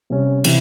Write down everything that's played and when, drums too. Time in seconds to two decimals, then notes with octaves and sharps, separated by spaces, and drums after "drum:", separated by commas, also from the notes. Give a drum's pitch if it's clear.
0.10 C3 G3 C#4
0.44 C3 E3, drum: cymbal